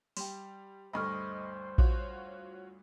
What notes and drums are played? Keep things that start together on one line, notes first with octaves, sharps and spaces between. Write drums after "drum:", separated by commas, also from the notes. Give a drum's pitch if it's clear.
G3 G5 C6, drum: open hi-hat
D2 G2 A3 C5 D#5 B5 C#6 F6
F4 F#4 C#5, drum: kick A#1